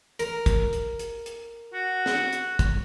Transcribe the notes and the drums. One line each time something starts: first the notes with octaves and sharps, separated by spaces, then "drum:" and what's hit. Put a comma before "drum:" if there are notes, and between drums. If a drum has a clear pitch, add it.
A#4, drum: hi-hat
drum: kick, hi-hat
drum: hi-hat
drum: hi-hat
drum: hi-hat
F#4
drum: snare
drum: hi-hat
drum: kick, hi-hat